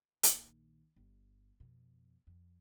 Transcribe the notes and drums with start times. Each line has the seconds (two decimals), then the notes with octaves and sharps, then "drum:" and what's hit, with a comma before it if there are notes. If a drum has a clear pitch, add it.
0.23 A#1 D#3, drum: hi-hat
0.96 G1
1.60 F2 B2
2.27 F2